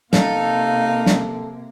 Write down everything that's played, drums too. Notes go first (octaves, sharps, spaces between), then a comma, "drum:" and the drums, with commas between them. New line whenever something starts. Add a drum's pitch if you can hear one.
C3 A#3 D#4 A4 F5, drum: snare
drum: snare